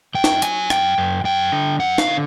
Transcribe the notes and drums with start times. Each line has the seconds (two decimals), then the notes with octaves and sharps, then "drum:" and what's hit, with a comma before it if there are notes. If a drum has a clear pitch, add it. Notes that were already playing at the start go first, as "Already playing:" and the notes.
0.14 F#2 G5
0.24 drum: snare
0.42 F#3 G#5, drum: hi-hat
0.70 F#2 G5, drum: rim click
0.98 F#2
1.24 F#2 G5
1.52 D3
1.79 F#2 F#5
1.98 F5, drum: snare
2.07 D3